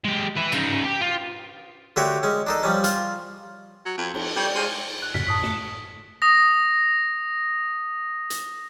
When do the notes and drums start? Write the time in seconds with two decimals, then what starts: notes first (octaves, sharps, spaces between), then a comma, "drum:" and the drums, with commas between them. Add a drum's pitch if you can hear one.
0.05 G#3 G4
0.36 B4 E5
0.52 C#3 D#4, drum: cymbal
0.84 G4
1.01 F4
1.96 D3 A3 F#4 G4 C#5
2.23 G#3 C#4
2.47 D4 D#4 A4
2.63 F3 G3 C#4
2.84 F4, drum: hi-hat
3.86 F#3
3.98 F2
4.14 F2, drum: cymbal
4.36 G3 C#5 D5 G5
4.55 G#3 C5 F5 A5
5.02 F#6
5.14 F2 A2 C#3 B6, drum: snare
5.27 F#2 A2 A5 D#6 B6
5.43 A3, drum: snare
6.22 D#6 A#6
8.30 drum: hi-hat